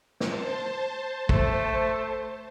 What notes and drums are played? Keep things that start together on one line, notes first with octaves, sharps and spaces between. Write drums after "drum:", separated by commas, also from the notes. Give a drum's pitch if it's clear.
C5 A5, drum: snare
A3, drum: kick